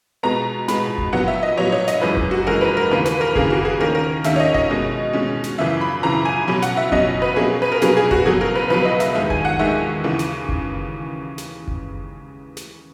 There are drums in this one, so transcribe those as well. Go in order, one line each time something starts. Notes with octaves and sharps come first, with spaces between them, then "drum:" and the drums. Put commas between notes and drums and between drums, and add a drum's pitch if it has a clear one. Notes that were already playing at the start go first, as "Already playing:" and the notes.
B2 G#3 B3 A#5
B2 G#3 B3 B5, drum: snare
drum: kick F#1
A#2 F#3 B3 F#5
E5
D#5
A#2 F#3 B3 C#5
C#5
D#5, drum: snare
F#2 E3 G#3 B4
drum: kick F#1
F#4
F#2 E3 G#3 A#4
B4
A#4
D#2 C#3 E3 A#3 B4
B4, drum: snare
A#4
D#2 C#3 E3 A#3 G#4, drum: kick F#1
F#4
G#4
D#2 D#3 A#3 C#4 A#4
A#4
D#2 D#3 A#3 C#4 E5, drum: snare
C#5
D#5
D#5, drum: kick F#1
B2 G#3 C#4
B2 G#3 C#4
drum: snare
F#2 C#3 E3 E5
B5
F#2 C#3 E3 A#5
G#5
B2 F#3 C#4 B5
F#5, drum: snare
E5
B2 F#3 C#4 D#5, drum: kick F#1
B4
B2 F#3 A#3 C#4 G#4
B4
A#4
B2 F#3 A#3 C#4 G#4, drum: snare
G#4
F#4, drum: kick F#1
C#2 B2 F#3 G#4
A#4
B4
C#2 B2 F#3 B4
D#5
E5, drum: snare
D#2 D#3 G#3 E5
G#5, drum: kick F#1
F#5
D#2 D#3 G#3 E5
D#2 C#3 E3
drum: snare
drum: kick F#1
drum: snare
drum: kick F#1
drum: snare